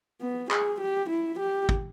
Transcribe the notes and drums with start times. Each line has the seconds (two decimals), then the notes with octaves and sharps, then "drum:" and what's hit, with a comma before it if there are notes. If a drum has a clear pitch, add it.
0.21 B3
0.51 G#4, drum: clap
0.81 G4
1.10 E4
1.39 G4
1.69 drum: kick